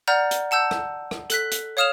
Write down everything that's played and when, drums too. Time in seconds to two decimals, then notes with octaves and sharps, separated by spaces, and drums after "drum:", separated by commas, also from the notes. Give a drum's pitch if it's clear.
0.07 D5 F#5 A#5 F6 G6
0.31 drum: hi-hat
0.51 F#5 A5 E6 G6
0.71 drum: rim click
1.11 drum: rim click
1.30 A4 F#6 B6, drum: hi-hat
1.51 drum: hi-hat
1.77 C#5 F5 D#6 F6 E7 F7